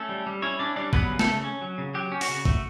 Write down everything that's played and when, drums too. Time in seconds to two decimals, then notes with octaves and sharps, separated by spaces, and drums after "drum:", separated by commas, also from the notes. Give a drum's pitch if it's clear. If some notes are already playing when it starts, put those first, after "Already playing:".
Already playing: A3 C#4 A4
0.09 G3
0.27 G3
0.42 C#4 E4 C#5
0.59 C#4 D4 D5
0.76 G3 D4 D5
0.93 F#3 B3 B4, drum: kick G#1
1.11 C#3
1.19 A3 A4, drum: snare
1.28 C#3
1.44 C#4
1.61 F#3
1.78 C#3
1.94 F#3 G4
2.12 C#4
2.21 F#4, drum: open hi-hat
2.29 C#3
2.45 A3, drum: kick G#1